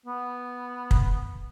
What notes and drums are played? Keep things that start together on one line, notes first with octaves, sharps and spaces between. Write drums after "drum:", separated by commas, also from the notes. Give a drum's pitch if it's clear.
B3
drum: kick